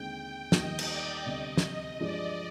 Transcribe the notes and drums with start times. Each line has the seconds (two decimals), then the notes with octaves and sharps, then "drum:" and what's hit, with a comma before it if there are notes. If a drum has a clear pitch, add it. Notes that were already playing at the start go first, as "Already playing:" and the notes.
Already playing: D#2 D3 G#3 C4 G5
0.52 D#2 D#3 G3 B3 D#5, drum: snare
0.79 drum: cymbal
0.89 D5
1.25 D2 C3 G3 B3 D#5
1.57 drum: snare
1.99 G2 F3 G#3 D5